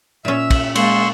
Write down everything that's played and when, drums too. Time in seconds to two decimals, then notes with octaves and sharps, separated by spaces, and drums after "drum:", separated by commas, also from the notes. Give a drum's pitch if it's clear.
0.25 A#2 C#4 E5 E6
0.50 drum: kick, cymbal
0.75 G#3 A#3 C6 C#6 E6, drum: cymbal